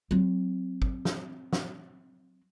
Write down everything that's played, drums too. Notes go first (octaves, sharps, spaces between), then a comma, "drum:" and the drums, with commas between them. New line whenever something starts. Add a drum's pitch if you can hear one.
F#3 C4
drum: kick G#1
drum: snare
drum: snare